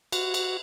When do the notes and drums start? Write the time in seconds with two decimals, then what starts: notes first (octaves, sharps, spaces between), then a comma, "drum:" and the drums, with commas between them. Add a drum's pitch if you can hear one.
0.12 F#4, drum: cymbal
0.34 drum: cymbal